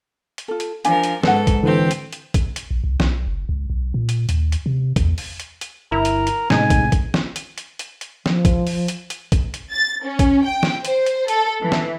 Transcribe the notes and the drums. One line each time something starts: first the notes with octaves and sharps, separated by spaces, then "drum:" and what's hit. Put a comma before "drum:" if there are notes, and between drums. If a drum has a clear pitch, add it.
drum: hi-hat
F4 A4
drum: hi-hat
F3 D4 A#4 F5 G#5, drum: hi-hat
drum: hi-hat
G#2 A4 B4 F#5, drum: snare
drum: kick, hi-hat
D3 E3 C4 G4
drum: hi-hat
drum: hi-hat
drum: kick, hi-hat
drum: hi-hat
A#1
C2
B1, drum: snare
F#1
C#2
B1
A#2
drum: hi-hat
D#2, drum: hi-hat
drum: hi-hat
C3
E2, drum: kick, hi-hat
drum: open hi-hat
drum: hi-hat
drum: hi-hat
G1 E4 A#4
drum: hi-hat
drum: hi-hat
A2 C3 G#3 D#4 G#5, drum: snare
drum: kick, hi-hat
drum: kick, hi-hat
drum: snare
drum: hi-hat
drum: hi-hat
drum: hi-hat
drum: hi-hat
F3, drum: snare
drum: kick, hi-hat
drum: open hi-hat
drum: hi-hat
drum: hi-hat
drum: kick, hi-hat
drum: hi-hat
A6
C#4
drum: kick, hi-hat
G5
drum: snare
C5, drum: hi-hat
drum: hi-hat
A4, drum: hi-hat
E3
drum: snare